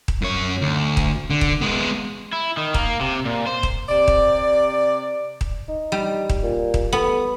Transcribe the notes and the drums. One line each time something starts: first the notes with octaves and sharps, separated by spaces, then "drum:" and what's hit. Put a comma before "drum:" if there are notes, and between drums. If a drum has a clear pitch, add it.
drum: kick D#1
F#2 C#5
D2
drum: kick D#1
D3
drum: kick D#1
G#3 B3
E4
D#3
A#3, drum: kick D#1
C3
A#2
C5
drum: kick D#1
C3 D5
drum: kick D#1
drum: kick D#1
D#4
G3
drum: kick D#1
A#2
drum: kick D#1
B3 A4